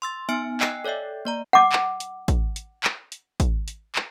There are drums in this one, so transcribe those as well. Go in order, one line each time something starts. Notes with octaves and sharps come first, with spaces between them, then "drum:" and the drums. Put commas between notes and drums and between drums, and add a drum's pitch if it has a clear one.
C6 E6 A6
B3 D#4 E5 G#5 F6 D7
D#5 G5 G#5 E6 F#6 C7, drum: clap
A4 C#5 D5 E5 G5
A#3 D5 A#5
F#5 D6
drum: clap
drum: hi-hat
drum: kick, hi-hat
drum: hi-hat
drum: clap
drum: hi-hat
drum: kick, hi-hat
drum: hi-hat
drum: clap